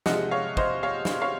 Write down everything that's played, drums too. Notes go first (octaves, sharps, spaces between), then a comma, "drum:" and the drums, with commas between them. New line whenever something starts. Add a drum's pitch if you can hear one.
C3 F3 G#3 D#5 F#5, drum: snare
C#5 F5
C5 D#5, drum: kick
C#5 F5
drum: snare
C#5 F5